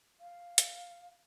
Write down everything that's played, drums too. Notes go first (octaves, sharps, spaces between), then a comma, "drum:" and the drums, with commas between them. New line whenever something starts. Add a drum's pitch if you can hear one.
F5
drum: hi-hat